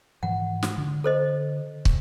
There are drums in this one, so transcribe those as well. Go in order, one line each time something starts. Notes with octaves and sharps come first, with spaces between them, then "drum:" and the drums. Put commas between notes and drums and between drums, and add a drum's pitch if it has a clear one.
G#2 E3 F3 F#5
drum: snare
D3
A4 C5 D#5
drum: kick